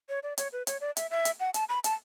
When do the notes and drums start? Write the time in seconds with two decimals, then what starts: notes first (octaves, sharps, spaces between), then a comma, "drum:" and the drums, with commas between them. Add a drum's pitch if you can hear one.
0.09 C#5
0.23 D5
0.38 C#5, drum: hi-hat
0.53 B4
0.67 C#5, drum: hi-hat
0.81 D5
0.97 E5, drum: hi-hat
1.11 E5
1.25 drum: hi-hat
1.40 F#5
1.54 A5, drum: hi-hat
1.69 B5
1.84 A5, drum: hi-hat